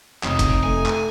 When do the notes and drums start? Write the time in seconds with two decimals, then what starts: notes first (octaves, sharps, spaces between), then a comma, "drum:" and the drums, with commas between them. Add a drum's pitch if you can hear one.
0.24 F1 C#3 D#4, drum: clap
0.39 drum: kick, hi-hat
0.63 A3 G#5
0.86 drum: clap